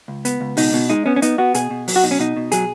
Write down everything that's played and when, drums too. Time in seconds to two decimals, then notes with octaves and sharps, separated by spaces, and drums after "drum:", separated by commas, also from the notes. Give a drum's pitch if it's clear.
0.08 C#2
0.25 B3, drum: hi-hat
0.41 C#2
0.57 B2 D#4, drum: open hi-hat
0.74 B2
0.90 G#3 D#4
1.06 B3 C#4
1.16 C#4
1.22 B3 D#4, drum: hi-hat
1.38 B3 F#4
1.54 B2 G#4, drum: hi-hat
1.70 B2
1.88 F#3, drum: open hi-hat
1.96 F#4
2.03 B2 D#4
2.11 C#4
2.20 B2 D#4
2.37 B2
2.52 F#3 G#4, drum: hi-hat